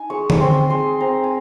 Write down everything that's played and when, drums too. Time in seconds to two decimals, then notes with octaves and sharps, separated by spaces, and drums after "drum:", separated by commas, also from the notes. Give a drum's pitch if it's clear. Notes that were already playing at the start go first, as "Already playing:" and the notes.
Already playing: D#4 G#5
0.10 G#3 C#6
0.30 C#6, drum: tom D3
0.40 C4 C6
0.70 G#3 C6
1.01 C4 A#5
1.24 G#5